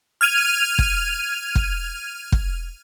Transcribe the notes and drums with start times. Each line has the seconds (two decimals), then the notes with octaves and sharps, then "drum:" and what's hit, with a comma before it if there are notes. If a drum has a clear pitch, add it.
0.21 F6 G#6 D#7 F7
0.79 drum: kick
1.55 drum: kick
2.32 drum: kick